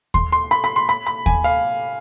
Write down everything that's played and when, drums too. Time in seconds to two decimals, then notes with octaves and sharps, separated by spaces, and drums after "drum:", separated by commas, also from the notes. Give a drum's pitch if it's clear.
0.14 C6, drum: kick D#2
0.32 C6
0.51 B5
0.64 B5
0.76 C6
0.89 B5
1.07 B5
1.26 G#5, drum: kick D#2
1.44 F5